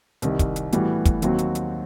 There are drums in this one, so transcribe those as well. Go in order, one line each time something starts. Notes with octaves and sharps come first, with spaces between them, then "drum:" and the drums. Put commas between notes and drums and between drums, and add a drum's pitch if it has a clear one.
C2 C3 D#3, drum: hi-hat
drum: kick, hi-hat
drum: hi-hat
A2 E3 G3 B3 F#4, drum: hi-hat
drum: kick, hi-hat
D#2 D#3 F#3 C4 F#4, drum: hi-hat
drum: hi-hat
drum: hi-hat